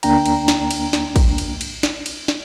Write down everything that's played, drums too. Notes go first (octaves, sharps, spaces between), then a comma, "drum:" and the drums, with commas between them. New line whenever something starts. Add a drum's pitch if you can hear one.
D2 A#3 D4 G5 A#5, drum: cymbal
drum: cymbal
drum: snare
drum: cymbal
drum: snare
drum: kick, cymbal
drum: cymbal
drum: cymbal
drum: snare
drum: cymbal
drum: snare